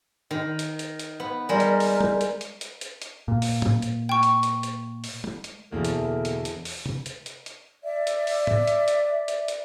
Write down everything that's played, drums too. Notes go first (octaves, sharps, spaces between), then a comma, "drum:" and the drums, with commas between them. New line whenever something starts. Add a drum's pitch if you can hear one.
D#3
drum: hi-hat
drum: hi-hat
drum: hi-hat
B3
G3 G#3 A#4
drum: hi-hat
drum: open hi-hat
drum: tom
drum: hi-hat
drum: hi-hat
drum: hi-hat
drum: hi-hat
drum: hi-hat
A#2
drum: open hi-hat
drum: tom
drum: hi-hat
G5 C#6
drum: hi-hat
drum: hi-hat
drum: hi-hat
drum: open hi-hat
drum: tom
drum: hi-hat
E2 B2 D3 A#3 E4 F#4 A4
drum: hi-hat
drum: hi-hat
drum: hi-hat
drum: open hi-hat
drum: tom
drum: hi-hat
drum: hi-hat
drum: hi-hat
D5 E5
drum: hi-hat
drum: open hi-hat
drum: tom
drum: hi-hat
drum: hi-hat
drum: hi-hat
drum: hi-hat